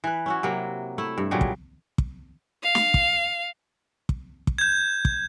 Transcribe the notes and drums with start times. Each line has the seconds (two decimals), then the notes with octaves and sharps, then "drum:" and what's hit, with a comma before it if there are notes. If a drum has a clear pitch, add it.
0.04 E3 B4
0.26 C#4 E4 F#4
0.43 C3 F#3 A#3
0.98 A3 E4
1.18 G2
1.31 A#2 C#3 F#3 G3
1.41 drum: kick
1.98 drum: kick
2.63 F5
2.75 drum: snare
2.94 drum: kick
4.09 drum: kick
4.47 drum: kick
4.58 G6 G#6
5.05 drum: kick